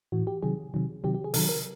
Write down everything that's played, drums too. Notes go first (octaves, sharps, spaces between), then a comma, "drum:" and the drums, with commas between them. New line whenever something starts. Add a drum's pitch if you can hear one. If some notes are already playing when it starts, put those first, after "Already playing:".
A2 E3 F#4
G4
C3 D#3 F#3 G#4
C3 D#3 F#3
C3 D#3 F#3 G4
G4
G#4
C3 D#3 F#3 A4, drum: open hi-hat
A#4